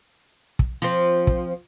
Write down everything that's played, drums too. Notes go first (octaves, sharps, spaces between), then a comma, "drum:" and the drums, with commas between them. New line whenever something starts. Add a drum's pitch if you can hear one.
drum: kick
F3 C4
drum: kick